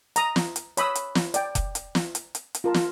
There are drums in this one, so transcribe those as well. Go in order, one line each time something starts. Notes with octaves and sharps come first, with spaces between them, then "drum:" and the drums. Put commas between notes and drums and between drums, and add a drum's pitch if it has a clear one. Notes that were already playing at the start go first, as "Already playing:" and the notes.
A#5 D#6, drum: hi-hat
drum: snare
drum: hi-hat
C#5 B5 D#6 E6, drum: hi-hat
drum: hi-hat
drum: snare
D5 G5, drum: hi-hat
drum: kick F1, hi-hat
drum: hi-hat
drum: snare
drum: hi-hat
drum: hi-hat
drum: hi-hat
F4 A#4 A5
drum: snare